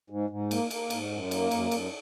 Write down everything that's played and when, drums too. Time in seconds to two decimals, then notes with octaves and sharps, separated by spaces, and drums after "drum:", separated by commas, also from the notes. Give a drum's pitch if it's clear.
0.10 G#2
0.30 G#2
0.51 A#3, drum: cymbal
0.71 A#3, drum: cymbal
0.90 G#2, drum: cymbal
1.11 F#2
1.31 A#3, drum: cymbal
1.51 F#2, drum: cymbal
1.71 F#2, drum: cymbal